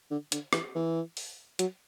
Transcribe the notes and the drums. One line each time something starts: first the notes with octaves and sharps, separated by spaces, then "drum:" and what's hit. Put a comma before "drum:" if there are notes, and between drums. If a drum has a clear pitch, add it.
D3
D3, drum: hi-hat
E3, drum: rim click
E3
drum: open hi-hat
F#3, drum: hi-hat